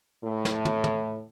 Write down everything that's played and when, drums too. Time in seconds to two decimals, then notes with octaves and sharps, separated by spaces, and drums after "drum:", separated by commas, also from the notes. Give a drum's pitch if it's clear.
0.24 A2
0.45 drum: snare
0.65 drum: tom
0.84 drum: tom